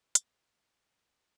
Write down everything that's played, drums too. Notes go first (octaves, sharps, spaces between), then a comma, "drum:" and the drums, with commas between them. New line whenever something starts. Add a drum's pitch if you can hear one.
A#1 G#3 C4 F5 D6, drum: hi-hat